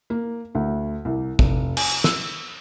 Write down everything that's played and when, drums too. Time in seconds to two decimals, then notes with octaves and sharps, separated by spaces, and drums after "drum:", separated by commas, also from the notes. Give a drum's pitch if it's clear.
0.10 A#3
0.55 D2
1.05 C2
1.39 F1, drum: kick
1.77 G#5, drum: cymbal
2.04 E6, drum: snare